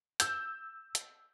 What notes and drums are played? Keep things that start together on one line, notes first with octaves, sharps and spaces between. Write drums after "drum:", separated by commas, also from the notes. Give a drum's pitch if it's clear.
E6 G6, drum: hi-hat
drum: hi-hat